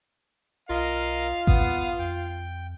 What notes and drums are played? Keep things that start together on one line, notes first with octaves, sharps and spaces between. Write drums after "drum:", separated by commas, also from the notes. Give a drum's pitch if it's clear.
B1 F4 A#4 D#5 F5
D#2 B3 D#6, drum: kick A1
F2 G5